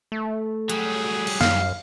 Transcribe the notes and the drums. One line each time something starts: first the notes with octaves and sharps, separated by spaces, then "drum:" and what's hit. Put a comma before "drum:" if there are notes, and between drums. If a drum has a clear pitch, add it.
A3
F#3 G3 G#4, drum: hi-hat
drum: cymbal
F#2 F5, drum: snare